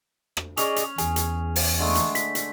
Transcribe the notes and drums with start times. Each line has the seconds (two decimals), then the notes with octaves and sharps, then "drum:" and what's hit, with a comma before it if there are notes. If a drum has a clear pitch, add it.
0.37 drum: rim click
0.57 C#4 G#4 D5 D#5 C#6 F7, drum: hi-hat
0.76 drum: hi-hat
0.98 E2 G#4 G#5, drum: hi-hat
1.16 drum: hi-hat
1.56 drum: open hi-hat
1.79 D3 G#3 A3
1.95 drum: hi-hat
2.15 B6, drum: hi-hat
2.35 drum: hi-hat